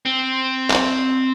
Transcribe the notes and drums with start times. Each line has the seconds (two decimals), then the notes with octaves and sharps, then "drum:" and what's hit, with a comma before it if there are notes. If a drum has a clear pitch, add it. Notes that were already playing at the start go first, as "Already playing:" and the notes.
0.05 C4
0.71 drum: clap